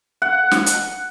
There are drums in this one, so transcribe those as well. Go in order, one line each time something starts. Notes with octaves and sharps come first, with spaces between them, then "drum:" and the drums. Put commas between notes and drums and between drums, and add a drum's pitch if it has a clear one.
F#5
drum: snare
drum: hi-hat